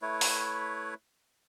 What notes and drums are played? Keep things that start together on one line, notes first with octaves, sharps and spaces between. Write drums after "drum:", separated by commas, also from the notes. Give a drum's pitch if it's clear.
A3 E4 B4 C#5
drum: open hi-hat